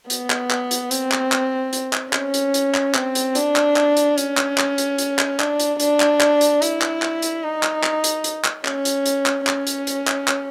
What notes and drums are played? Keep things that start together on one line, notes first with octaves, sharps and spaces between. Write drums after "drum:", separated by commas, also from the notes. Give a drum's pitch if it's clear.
B3, drum: hi-hat
drum: clap
drum: clap
drum: hi-hat
C4, drum: hi-hat
drum: clap
drum: clap
drum: hi-hat
drum: clap
C#4, drum: clap
drum: hi-hat
drum: hi-hat
drum: clap
C4, drum: clap
drum: hi-hat
D4, drum: hi-hat
drum: clap
drum: clap
drum: hi-hat
C#4, drum: hi-hat
drum: clap
drum: clap
drum: hi-hat
drum: hi-hat
drum: clap
D4, drum: clap
drum: hi-hat
D4, drum: hi-hat
drum: clap
drum: clap
drum: hi-hat
E4, drum: hi-hat
drum: clap
drum: clap
drum: hi-hat
D#4
drum: clap
drum: clap
drum: hi-hat
drum: hi-hat
drum: clap
C#4, drum: clap
drum: hi-hat
drum: hi-hat
drum: clap
C#4, drum: clap
drum: hi-hat
drum: hi-hat
drum: clap
drum: clap